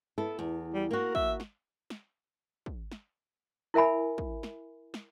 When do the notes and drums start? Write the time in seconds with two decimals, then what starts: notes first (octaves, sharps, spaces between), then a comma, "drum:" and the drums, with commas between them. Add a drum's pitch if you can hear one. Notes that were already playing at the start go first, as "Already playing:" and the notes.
0.18 B3 E4 A4
0.39 E2
0.74 G3
0.91 A#3 F#4 A#4
1.15 E5, drum: kick
1.40 drum: snare
1.90 drum: snare
2.66 drum: kick
2.92 drum: snare
3.74 E4 A#4 E5 G#5 B5
4.18 drum: kick
4.43 drum: snare
4.94 drum: snare